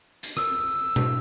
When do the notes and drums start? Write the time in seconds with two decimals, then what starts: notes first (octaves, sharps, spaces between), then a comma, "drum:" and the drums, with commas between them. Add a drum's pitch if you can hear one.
0.23 drum: hi-hat
0.37 E6, drum: rim click
0.96 drum: tom B2